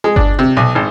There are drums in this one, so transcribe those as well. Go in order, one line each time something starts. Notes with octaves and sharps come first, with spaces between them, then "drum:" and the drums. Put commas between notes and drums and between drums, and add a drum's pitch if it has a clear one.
G#3
D4, drum: kick G1
C3
B1
G#1